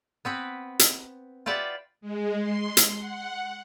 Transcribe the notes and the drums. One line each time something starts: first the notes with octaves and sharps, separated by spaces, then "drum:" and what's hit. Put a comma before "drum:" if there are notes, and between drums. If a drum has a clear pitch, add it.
B3 C4 B4
drum: hi-hat
F4 G4 B4 D5 E5 F#5
G#3
C6
drum: hi-hat
F#5